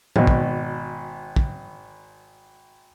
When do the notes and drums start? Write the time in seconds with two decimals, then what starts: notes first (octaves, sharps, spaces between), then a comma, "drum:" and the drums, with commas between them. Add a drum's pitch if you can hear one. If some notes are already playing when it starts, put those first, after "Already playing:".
0.16 G#1 B2, drum: tom
0.27 drum: kick
1.36 drum: kick